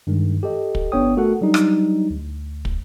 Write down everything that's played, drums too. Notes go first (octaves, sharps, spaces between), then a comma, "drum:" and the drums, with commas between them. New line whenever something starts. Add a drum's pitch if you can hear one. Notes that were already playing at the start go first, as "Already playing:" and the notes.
G2 D#3 G#3
G4 A4 D#5
drum: kick
G1 B3 D4 C#5 G5 D#6
A3 F#4 A4 A#4 F#5
F#3 G3 D4 D#4
drum: rim click
D2
drum: kick